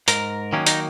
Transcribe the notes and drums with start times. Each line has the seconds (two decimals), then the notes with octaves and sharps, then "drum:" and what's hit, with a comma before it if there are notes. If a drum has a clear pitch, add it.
0.08 G#2 A#4, drum: hi-hat
0.53 D#3 F#3 A#3 C#4
0.67 D#4, drum: hi-hat